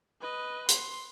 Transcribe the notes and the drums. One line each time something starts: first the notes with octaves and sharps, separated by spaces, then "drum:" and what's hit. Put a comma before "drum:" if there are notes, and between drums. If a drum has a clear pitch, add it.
B4 D#5
C6, drum: hi-hat